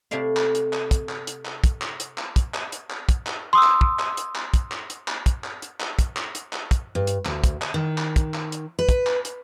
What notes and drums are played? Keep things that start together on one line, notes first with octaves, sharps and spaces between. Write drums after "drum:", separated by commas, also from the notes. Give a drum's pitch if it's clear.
C3 A3 E4 D5 F5
drum: clap
drum: hi-hat
drum: clap
drum: kick, hi-hat
drum: clap
drum: hi-hat
drum: clap
drum: kick, hi-hat
drum: clap
drum: hi-hat
drum: clap
drum: kick, hi-hat
drum: clap
drum: hi-hat
drum: clap
drum: kick, hi-hat
drum: clap
C6 D#6 E6
drum: clap
drum: kick
drum: clap
drum: hi-hat
drum: clap
drum: kick, hi-hat
drum: clap
drum: hi-hat
drum: clap
drum: kick, hi-hat
drum: clap
drum: hi-hat
drum: clap
drum: kick, hi-hat
drum: clap
drum: hi-hat
drum: clap
drum: kick, hi-hat
G2
drum: hi-hat
D2, drum: clap
drum: kick, hi-hat
drum: clap
D#3
drum: clap
drum: kick, hi-hat
drum: clap
drum: hi-hat
B4
drum: kick, hi-hat
drum: clap
drum: hi-hat